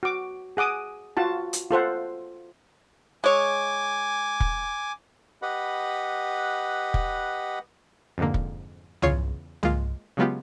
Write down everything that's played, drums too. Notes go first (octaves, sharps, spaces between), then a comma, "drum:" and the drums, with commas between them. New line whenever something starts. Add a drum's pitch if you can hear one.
F#4 D6
G#4 F#5 D6 D#6
F4 F#4 A5
drum: hi-hat
F4 A4 C5 F#5
G#3 C#5 G#5 D6
drum: kick
G4 B4 D#5 F#5 B5
drum: kick
F2 G#2 D3 A#3
drum: kick
E2 C#3 F4 C#5 C7, drum: tom C2
G#3 A#3 F4, drum: tom C2
C#3 F#3 G#3 B3 F4 G4